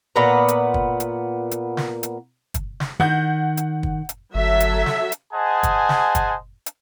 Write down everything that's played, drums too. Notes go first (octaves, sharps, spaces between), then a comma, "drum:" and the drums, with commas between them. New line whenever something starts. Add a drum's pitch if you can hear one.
A#2 B3 B4 A#5
drum: hi-hat
drum: kick
drum: hi-hat
drum: hi-hat
drum: snare
drum: hi-hat
drum: kick, hi-hat
drum: snare
D#3 F#5 G6
drum: hi-hat
drum: kick
drum: hi-hat
G1 F#3 A4 E5
drum: hi-hat
drum: snare
drum: hi-hat
G#4 C5 D#5 F#5 G#5 A5
drum: kick, hi-hat
drum: snare
drum: kick, hi-hat
drum: hi-hat